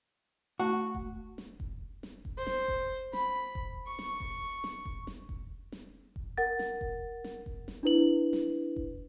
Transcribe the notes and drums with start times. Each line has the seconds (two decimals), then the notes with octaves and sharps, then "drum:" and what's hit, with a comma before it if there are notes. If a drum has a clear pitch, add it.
0.60 A3 F#4
0.95 drum: kick F1
1.38 drum: snare
1.60 drum: kick F1
2.03 drum: snare
2.25 drum: kick F1
2.37 C5
2.47 drum: snare
2.68 drum: kick F1
3.13 B5, drum: snare
3.55 drum: kick F1
3.87 C#6
3.99 drum: snare
4.20 drum: kick F1
4.64 drum: snare
4.85 drum: kick F1
5.07 drum: snare
5.29 drum: kick F1
5.72 drum: snare
6.16 drum: kick F1
6.38 A#4 F#5 A6
6.59 drum: snare
6.81 drum: kick F1
7.24 drum: snare
7.46 drum: kick F1
7.68 drum: snare
7.83 D4 E4 B4 F#7
8.33 drum: snare
8.76 drum: kick F1